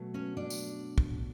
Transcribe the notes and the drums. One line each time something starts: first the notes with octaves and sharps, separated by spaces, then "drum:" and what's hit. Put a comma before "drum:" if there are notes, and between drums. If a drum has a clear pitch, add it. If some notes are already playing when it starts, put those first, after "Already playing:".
Already playing: B2 F#3 A3
C#4 C#5
D4 D5
drum: tambourine
drum: kick